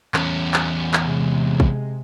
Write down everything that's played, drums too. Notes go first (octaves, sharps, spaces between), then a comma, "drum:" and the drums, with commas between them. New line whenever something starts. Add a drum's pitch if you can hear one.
E2 C#4, drum: clap
drum: clap
drum: clap
C3 G#3
drum: kick